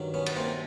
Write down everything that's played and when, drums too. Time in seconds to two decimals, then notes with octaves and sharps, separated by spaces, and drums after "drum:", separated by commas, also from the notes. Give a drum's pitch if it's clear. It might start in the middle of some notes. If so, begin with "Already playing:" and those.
Already playing: G2 D#3 F#3
0.14 B3 C#4
0.26 B3, drum: cymbal
0.36 A#3 C4